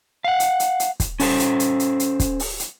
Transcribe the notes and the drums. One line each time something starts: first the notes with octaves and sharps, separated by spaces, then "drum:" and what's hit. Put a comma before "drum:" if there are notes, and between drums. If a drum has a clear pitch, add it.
F5 F#5
drum: hi-hat
drum: hi-hat
drum: hi-hat
drum: kick, hi-hat
C#4 A4 C5, drum: open hi-hat
drum: hi-hat
drum: hi-hat
drum: hi-hat
drum: hi-hat
drum: kick, hi-hat
drum: open hi-hat
drum: hi-hat